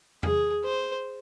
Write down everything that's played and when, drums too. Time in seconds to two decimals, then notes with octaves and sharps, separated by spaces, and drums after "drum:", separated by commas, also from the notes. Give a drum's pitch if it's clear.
0.23 G#4, drum: tom E2
0.64 C5